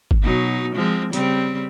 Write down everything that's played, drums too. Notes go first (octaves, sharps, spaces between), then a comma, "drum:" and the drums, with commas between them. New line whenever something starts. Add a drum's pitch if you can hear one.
drum: kick
B2 F#3 D#4
F3 G#3 C4
C#3 G3 C4, drum: hi-hat